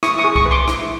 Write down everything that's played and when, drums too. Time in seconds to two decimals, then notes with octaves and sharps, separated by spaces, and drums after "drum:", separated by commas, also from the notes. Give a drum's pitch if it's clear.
0.03 E4 C#6 D#6, drum: rim click
0.18 C#6 D#6
0.24 G#4
0.36 C#6 D#6, drum: kick C2
0.46 B4
0.51 C6 D6
0.68 E4, drum: rim click